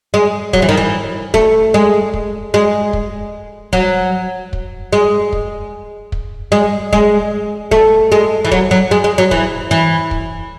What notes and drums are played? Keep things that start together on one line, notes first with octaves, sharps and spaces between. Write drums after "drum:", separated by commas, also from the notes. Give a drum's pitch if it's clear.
G#3
F#3, drum: kick
E3
D#3
E3
A3, drum: kick
G#3
drum: kick
G#3
drum: kick
F#3, drum: kick
drum: kick
G#3
drum: kick
drum: kick
G#3
G#3, drum: kick
A3, drum: kick
G#3
E3
F#3, drum: kick
F#3
G#3
G#3
F#3
E3, drum: kick
E3
drum: kick